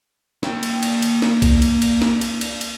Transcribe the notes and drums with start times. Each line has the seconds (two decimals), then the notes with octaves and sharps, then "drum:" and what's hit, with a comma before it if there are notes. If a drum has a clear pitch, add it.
0.43 A#3 G5, drum: snare
0.63 drum: cymbal
0.83 drum: cymbal
1.02 drum: cymbal
1.22 drum: snare
1.42 drum: kick, cymbal
1.62 drum: cymbal
1.82 drum: cymbal
2.02 drum: snare
2.21 drum: cymbal
2.41 drum: cymbal
2.61 drum: cymbal